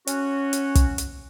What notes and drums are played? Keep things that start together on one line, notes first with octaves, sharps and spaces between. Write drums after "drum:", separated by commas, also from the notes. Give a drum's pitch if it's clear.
C#4 F#4, drum: hi-hat
drum: hi-hat
drum: kick, hi-hat
drum: hi-hat